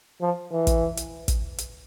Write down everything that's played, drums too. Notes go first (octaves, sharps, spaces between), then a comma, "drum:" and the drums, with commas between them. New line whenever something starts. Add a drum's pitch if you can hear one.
F3
E3
drum: kick, hi-hat
drum: hi-hat
drum: kick, hi-hat
drum: hi-hat